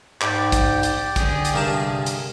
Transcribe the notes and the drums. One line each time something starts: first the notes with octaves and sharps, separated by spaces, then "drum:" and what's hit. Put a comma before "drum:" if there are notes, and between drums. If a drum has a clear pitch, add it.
G#2 G4 D5 G5, drum: clap
drum: kick, hi-hat
drum: hi-hat
D3 G#4, drum: kick, hi-hat
drum: hi-hat
G2 C3 A#4 A5
drum: hi-hat